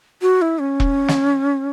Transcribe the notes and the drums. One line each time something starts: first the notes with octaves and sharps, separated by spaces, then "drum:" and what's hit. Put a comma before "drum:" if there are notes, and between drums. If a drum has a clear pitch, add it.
F#4
E4
C#4
drum: kick E1
drum: snare